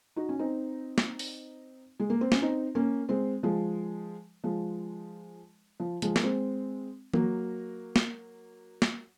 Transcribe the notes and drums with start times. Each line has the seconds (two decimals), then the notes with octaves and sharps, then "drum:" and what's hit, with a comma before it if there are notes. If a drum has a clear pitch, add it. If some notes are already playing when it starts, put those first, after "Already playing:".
0.16 D#4 F#4
0.29 C#4
0.39 C4 D#4
0.98 drum: snare
1.19 drum: open hi-hat
2.00 G#3
2.10 A#3
2.21 C4
2.32 C#4, drum: snare
2.42 C4 D#4
2.75 A#3 C#4
3.09 G#3 C4
3.43 F3 G#3
4.44 F3 G#3
5.80 F3
6.02 F3 G#3, drum: hi-hat
6.16 A#3, drum: snare
6.24 G#3 C4
7.13 F#3 A#3, drum: tom
7.96 drum: snare
8.82 drum: snare